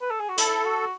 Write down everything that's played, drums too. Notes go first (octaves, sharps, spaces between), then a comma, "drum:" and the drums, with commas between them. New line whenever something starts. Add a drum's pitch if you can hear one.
B4
A4
G#4
F#4
E4 A4, drum: hi-hat
F#4